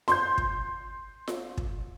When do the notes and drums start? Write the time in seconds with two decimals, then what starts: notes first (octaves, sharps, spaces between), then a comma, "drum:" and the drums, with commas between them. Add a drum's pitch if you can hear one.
0.08 C6 G6, drum: snare F4
0.38 drum: kick
1.28 drum: snare F4
1.57 drum: kick